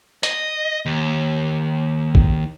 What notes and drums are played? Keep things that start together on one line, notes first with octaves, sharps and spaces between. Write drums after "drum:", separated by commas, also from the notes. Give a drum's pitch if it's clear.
D#5, drum: hi-hat
D#2
drum: kick